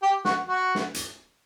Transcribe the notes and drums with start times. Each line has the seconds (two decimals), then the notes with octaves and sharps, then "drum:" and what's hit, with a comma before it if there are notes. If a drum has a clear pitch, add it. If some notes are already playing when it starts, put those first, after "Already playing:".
0.02 G4
0.25 F#4, drum: snare
0.47 F#4
0.75 drum: snare
0.94 drum: hi-hat